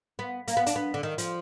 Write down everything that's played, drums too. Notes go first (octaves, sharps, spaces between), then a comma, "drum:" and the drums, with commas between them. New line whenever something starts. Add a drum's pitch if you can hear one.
B3
A#3, drum: hi-hat
B3
D4, drum: hi-hat
B3
D3
D#3
F3, drum: hi-hat